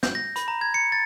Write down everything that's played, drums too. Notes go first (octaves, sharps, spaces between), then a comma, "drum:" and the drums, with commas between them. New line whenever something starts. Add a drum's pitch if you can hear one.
G6, drum: snare
A#6
B5, drum: hi-hat
A#5
G#6
C#7
A6